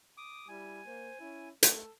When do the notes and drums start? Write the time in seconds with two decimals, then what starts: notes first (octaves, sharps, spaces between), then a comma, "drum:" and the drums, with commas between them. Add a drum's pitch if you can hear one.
0.17 D6 D#6
0.48 G3 E4 G#5
0.86 A#3 C5
1.20 C#4 E4
1.63 A3 A4, drum: hi-hat